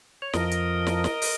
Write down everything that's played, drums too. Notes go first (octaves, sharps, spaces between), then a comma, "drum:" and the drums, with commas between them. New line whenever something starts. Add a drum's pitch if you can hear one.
C#5
F2 F3 A#4 D#5, drum: snare
drum: hi-hat
drum: snare
drum: snare
drum: open hi-hat